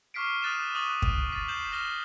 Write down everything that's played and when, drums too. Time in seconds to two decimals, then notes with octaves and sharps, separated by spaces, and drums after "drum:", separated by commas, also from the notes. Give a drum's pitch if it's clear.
0.14 C#6 D6 F6 B6 C7 D7
0.42 D#6 F#6 A6 D#7 E7
0.74 C#6 D#6 F#6 A6 E7 F#7
1.02 drum: kick
1.32 A6 B6
1.48 G6 C7 E7 F#7
1.71 D6 F6 A#6 G7